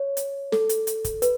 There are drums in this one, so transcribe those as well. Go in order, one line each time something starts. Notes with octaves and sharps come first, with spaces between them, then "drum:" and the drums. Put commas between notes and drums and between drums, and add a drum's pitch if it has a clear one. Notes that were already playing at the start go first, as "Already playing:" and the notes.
Already playing: C#5
drum: hi-hat
A4, drum: snare
drum: hi-hat
drum: hi-hat
drum: kick, hi-hat
B4, drum: hi-hat